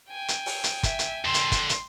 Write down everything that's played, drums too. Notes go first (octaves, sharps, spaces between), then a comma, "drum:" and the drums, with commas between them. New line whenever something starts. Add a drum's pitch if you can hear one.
G5 G#5
drum: hi-hat
drum: open hi-hat
drum: hi-hat
E5, drum: kick, hi-hat
drum: hi-hat
F2 D3 C6
drum: hi-hat
drum: kick, hi-hat
drum: hi-hat